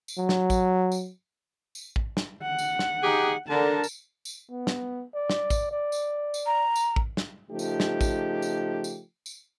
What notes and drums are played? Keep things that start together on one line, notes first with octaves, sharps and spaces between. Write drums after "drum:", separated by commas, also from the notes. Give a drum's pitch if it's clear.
drum: tambourine
F#3
drum: snare
drum: kick A1, tambourine
drum: tambourine
drum: tambourine
drum: kick A1
drum: snare
F#5
drum: tambourine
drum: snare
D#4 G4 G#4
D3 A#4 A5
drum: tambourine
drum: tambourine
B3
drum: snare
D5
drum: snare
drum: kick A1, tambourine
D5
drum: tambourine
drum: tambourine
A#5
drum: tambourine
drum: kick A1
drum: snare
C#3 F3 A3 D#4 G4
drum: tambourine
drum: snare
drum: kick A1, tambourine
drum: tambourine
drum: tambourine
drum: tambourine